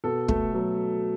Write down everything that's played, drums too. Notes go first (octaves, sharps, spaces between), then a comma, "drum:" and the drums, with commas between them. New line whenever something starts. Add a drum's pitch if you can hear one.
B2 A4
A3, drum: kick
F#3